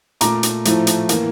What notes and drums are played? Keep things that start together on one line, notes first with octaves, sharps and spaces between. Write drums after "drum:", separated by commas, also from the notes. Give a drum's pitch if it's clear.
A#2 A3 A#5 D6, drum: hi-hat
drum: hi-hat
A2 F3 A3, drum: hi-hat
drum: hi-hat
A2 E3 A#3, drum: hi-hat